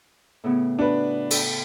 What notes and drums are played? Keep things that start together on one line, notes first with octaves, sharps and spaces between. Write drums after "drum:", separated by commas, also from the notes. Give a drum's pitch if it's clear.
A2 C#3 B3
D4 F#4 B4
A4 G5, drum: cymbal